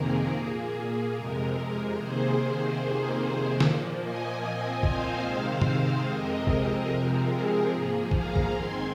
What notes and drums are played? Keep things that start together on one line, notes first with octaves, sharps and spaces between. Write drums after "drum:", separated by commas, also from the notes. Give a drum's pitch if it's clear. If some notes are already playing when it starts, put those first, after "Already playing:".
Already playing: F2 C3 D#3 A#3 G#4 A#4
A#2 A#3
F2 C3 G#3 A#4
C3 D#3 A#3 G#4 C5
F2 C3 D#3 A#3
A#2 F3 A#3, drum: snare
D#5 G#5
A#2 F3 C4
C5 F5, drum: kick A#1
C3 D#3 G#3 C4
drum: tom
F2 C3 G#3 C4 A#4 D#5
A#4, drum: kick A#1
C3 F3 G#3 C4
G#4
G#2 F3 A#3
F5 A#5, drum: kick A#1
drum: kick A#1
G#2 D#3 G#3 C4 G#5 C6